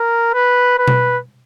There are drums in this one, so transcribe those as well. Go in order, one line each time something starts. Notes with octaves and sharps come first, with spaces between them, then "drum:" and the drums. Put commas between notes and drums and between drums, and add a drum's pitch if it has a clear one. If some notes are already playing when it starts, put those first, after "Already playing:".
Already playing: A#4
B4
B4
drum: tom B2